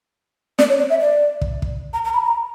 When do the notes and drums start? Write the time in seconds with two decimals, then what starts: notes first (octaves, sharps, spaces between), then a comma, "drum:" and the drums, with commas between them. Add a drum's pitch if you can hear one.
0.59 D5, drum: snare
0.69 C#5
0.79 D5
0.90 E5
1.01 D5
1.41 drum: kick
1.62 drum: kick
1.93 A#5
2.04 A#5
2.14 B5
2.25 A#5